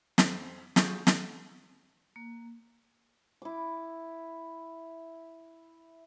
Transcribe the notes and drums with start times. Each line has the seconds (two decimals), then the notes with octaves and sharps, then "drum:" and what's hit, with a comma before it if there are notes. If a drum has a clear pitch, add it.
0.18 F2 C4 B6, drum: snare
0.76 F#3 F4 G#4 C#6 G6, drum: snare
1.07 drum: snare
2.16 A#3
3.42 E4 D6